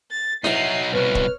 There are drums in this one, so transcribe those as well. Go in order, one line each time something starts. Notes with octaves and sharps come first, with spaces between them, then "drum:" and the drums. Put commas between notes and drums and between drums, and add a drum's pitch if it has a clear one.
A6
F#3 D#4 E5 C7 D#7, drum: snare E4
C2 B2 B4 C#5 F6
drum: kick D#1